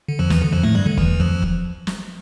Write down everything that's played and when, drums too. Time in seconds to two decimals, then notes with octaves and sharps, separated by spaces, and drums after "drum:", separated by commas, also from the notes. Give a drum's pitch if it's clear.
0.08 D3
0.19 F2 F3
0.30 E2 E3, drum: snare
0.41 D3
0.53 F2 F3
0.63 A2 A3
0.75 G2 G3
0.86 D3
0.98 E2 E3, drum: kick
1.20 F2 F3
1.42 drum: kick
1.87 drum: snare